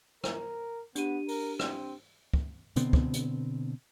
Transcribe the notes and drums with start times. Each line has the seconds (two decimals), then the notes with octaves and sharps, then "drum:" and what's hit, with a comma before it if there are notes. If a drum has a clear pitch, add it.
0.24 A#4, drum: rim click
0.95 B3 D4 G4 D#7, drum: hi-hat
1.28 A#4, drum: open hi-hat
1.59 C4, drum: rim click
2.33 drum: kick
2.76 B2 D3 B3 C4, drum: hi-hat
2.93 drum: kick
3.13 drum: hi-hat